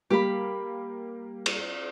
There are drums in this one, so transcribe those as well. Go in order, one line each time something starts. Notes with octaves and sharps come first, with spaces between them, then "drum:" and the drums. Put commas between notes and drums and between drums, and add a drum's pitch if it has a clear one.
G3 A#3 G4 B5
drum: cymbal